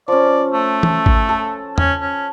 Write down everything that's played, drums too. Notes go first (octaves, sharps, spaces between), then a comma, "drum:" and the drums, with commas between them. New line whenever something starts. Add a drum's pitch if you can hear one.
F3 C#4 D5
A3
drum: tom
drum: kick G#1
A4
C#4, drum: tom E2
C#4